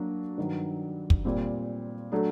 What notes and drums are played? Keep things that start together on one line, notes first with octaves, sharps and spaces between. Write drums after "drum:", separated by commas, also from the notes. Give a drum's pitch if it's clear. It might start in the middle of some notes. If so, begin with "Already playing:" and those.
Already playing: F#3 A#3 D4 F#4
G2 D#3 F#3
drum: kick
A#2 G3 C4
F#3 A3 D4